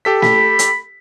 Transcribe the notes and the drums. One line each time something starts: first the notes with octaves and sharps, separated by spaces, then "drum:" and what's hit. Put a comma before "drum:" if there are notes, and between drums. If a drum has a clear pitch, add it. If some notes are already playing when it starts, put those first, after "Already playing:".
G4 A4 B6
B5, drum: snare
drum: hi-hat